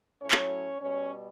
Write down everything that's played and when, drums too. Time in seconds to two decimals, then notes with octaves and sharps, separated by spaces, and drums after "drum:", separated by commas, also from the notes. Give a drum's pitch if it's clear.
0.21 A2 F#3 C#4 C#5
0.31 drum: clap
0.80 B2 G3 C#4 C#5